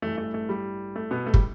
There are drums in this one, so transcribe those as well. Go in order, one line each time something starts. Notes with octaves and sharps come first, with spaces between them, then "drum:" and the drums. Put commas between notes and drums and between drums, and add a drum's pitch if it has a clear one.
A1 G2 E3 A3
A3
A3
G3
A3
B2 B3
A3
G3, drum: kick